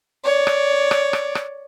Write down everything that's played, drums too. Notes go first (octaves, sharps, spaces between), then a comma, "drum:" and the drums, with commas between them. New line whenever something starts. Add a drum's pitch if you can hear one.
C#5 D5
drum: rim click
drum: rim click
drum: rim click
drum: rim click